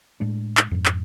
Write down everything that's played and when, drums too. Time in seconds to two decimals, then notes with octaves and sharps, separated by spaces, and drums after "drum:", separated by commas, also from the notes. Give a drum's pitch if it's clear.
0.20 A2 G#3 D4
0.57 drum: clap
0.71 F2 G#2
0.86 drum: clap